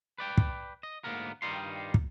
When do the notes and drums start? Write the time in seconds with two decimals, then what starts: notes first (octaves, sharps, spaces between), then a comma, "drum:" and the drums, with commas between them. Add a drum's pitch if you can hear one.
0.18 B4 D5 G5
0.37 drum: kick
0.83 D#5
1.04 D2 G#2 G#3 A#3 B3 A#4
1.42 G2 D#3 G3 D#4 F4 C6
1.94 drum: kick